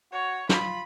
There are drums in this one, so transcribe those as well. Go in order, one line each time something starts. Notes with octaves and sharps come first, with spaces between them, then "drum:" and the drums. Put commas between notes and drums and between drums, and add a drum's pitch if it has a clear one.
F#4 C#5
F4 B5, drum: snare